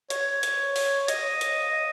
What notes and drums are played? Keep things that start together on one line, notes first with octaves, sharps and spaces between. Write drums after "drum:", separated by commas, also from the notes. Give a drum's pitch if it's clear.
C#5, drum: hi-hat
drum: hi-hat
drum: open hi-hat
D#5, drum: hi-hat
drum: hi-hat